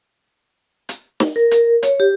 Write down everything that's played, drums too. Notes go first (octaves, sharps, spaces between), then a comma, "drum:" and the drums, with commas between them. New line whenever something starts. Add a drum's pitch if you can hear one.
drum: hi-hat
drum: snare
A#4
drum: hi-hat
C#5, drum: hi-hat
G4